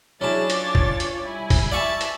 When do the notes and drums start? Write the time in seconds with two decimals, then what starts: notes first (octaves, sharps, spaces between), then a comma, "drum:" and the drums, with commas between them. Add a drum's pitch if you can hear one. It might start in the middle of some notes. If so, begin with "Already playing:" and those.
0.21 F#3 C#4 D4 E4 G#4 A5 A6
0.50 F4 C#5, drum: hi-hat
0.75 drum: kick
1.00 drum: hi-hat
1.23 G3 E4 G#5
1.50 drum: kick, open hi-hat
1.72 D5 E5 F5 A5 C#6
2.01 drum: hi-hat